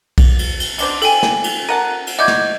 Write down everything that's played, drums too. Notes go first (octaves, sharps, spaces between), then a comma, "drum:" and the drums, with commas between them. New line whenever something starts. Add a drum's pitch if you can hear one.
drum: kick B1, cymbal
drum: cymbal
drum: cymbal
B2 D4 C5, drum: cymbal
A4 G5 G#5, drum: cymbal
drum: snare
drum: cymbal
A#4 F#5 A5 D#7
drum: cymbal
E4 F#4 D5 D#5 G6 G#6
drum: snare